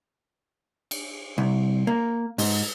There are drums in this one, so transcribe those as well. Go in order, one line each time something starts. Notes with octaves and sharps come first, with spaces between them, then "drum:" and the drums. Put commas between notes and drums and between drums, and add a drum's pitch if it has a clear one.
drum: cymbal
C2
A#3
G#2, drum: open hi-hat